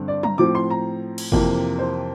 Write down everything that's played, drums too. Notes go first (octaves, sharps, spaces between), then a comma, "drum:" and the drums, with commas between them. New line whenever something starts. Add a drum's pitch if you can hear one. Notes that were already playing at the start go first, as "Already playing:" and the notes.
Already playing: G2 D3 C4
D5
A#5, drum: tom F#3
A2 F3 C4 D6
C6
A#5
drum: cymbal
F2 C3 E3 A#3, drum: kick
C5